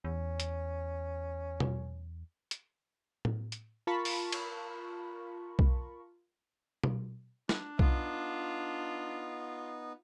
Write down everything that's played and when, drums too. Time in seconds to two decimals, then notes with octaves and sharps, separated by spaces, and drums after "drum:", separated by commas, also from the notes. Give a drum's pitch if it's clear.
0.05 E2 C#4
0.40 drum: hi-hat
1.60 drum: tom B2
2.51 drum: hi-hat
3.25 drum: tom A2
3.52 drum: hi-hat
3.87 F4 A#4 A5 B5 C#6
4.05 drum: open hi-hat
4.32 drum: cymbal
5.59 drum: kick B1
6.84 drum: tom B2
7.49 D4, drum: snare
7.79 B3 D#4 F4, drum: kick B1